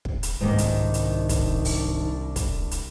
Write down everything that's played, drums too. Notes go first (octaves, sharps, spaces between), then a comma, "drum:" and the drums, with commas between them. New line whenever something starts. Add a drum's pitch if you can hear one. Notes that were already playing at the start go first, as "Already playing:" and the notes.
drum: kick
drum: hi-hat
C2 G#2 D#3 A#3 D4
drum: hi-hat
drum: hi-hat
drum: kick, hi-hat
drum: open hi-hat
drum: kick, hi-hat
drum: hi-hat